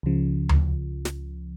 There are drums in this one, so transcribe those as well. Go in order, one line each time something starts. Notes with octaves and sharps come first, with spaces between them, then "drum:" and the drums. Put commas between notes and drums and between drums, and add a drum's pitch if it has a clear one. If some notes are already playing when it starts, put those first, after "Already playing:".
C#2 C#3 F3
drum: tom D2
drum: snare